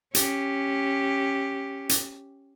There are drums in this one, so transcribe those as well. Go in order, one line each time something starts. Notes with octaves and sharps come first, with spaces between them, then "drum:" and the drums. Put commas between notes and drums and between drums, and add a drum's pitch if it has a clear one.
C#4 G4, drum: hi-hat
drum: hi-hat